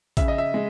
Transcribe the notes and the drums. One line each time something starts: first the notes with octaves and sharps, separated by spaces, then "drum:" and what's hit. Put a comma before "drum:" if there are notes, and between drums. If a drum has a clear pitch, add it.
C#3 E5, drum: kick, hi-hat
D#5
E5
G#3